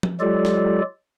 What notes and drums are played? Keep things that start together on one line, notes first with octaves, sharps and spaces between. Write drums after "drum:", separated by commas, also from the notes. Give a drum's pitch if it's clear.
drum: tom
F#3 G#3 F4 G4 A4 D5
drum: snare